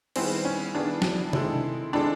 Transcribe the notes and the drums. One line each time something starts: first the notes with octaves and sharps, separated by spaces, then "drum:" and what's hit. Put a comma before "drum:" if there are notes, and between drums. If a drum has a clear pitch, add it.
D#3 G3 B3 C4 E4 G#4, drum: cymbal
C#4
D#3 G3 B3 D4 E4 G#4
drum: snare
D#3 G#3 C4 E4 A4, drum: tom C3
D#3 G#3 C4 D4 E4 A4